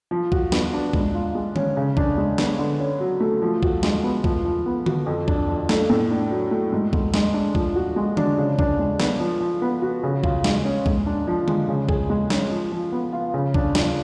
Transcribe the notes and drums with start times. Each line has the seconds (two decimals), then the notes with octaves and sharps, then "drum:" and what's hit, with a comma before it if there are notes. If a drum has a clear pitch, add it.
0.11 F3
0.32 F#4, drum: kick
0.52 B3, drum: snare
0.73 D4
0.93 G#2, drum: kick
1.14 F4
1.35 G#3
1.56 C#4, drum: tom D3
1.77 C#3
1.97 D4, drum: kick
2.18 G#3
2.38 B3, drum: snare
2.59 D3
2.80 C#4
3.00 F#3
3.20 A3
3.42 F3
3.63 F#4, drum: kick
3.83 G#3, drum: snare
4.04 B3
4.24 F3, drum: kick
4.45 F3
4.66 B3
4.86 F#4, drum: tom D3
5.06 F2
5.28 D4, drum: kick
5.48 F3
5.69 A3, drum: snare
5.90 A2
6.11 D4
6.31 F#3
6.51 A3
6.72 G#2
6.93 G#2, drum: kick
7.14 G#3, drum: snare
7.34 D4
7.55 F3, drum: kick
7.75 F#4
7.96 G#3
8.17 D4, drum: tom D3
8.38 C#3
8.59 D4, drum: kick
8.79 G#3
9.00 B3, drum: snare
9.20 F3
9.40 F3
9.62 B3
9.82 F#4
10.03 C#3
10.24 F4, drum: kick
10.44 G#3, drum: snare
10.65 C#4
10.86 G#2, drum: kick
11.06 D4
11.27 F3
11.48 G#3, drum: tom D3
11.68 C#3
11.89 G#4, drum: kick
12.10 G#3
12.30 C#4, drum: snare
12.51 F3
12.72 F3
12.92 B3
13.13 F4
13.34 C#3
13.54 D4, drum: kick
13.75 F3, drum: snare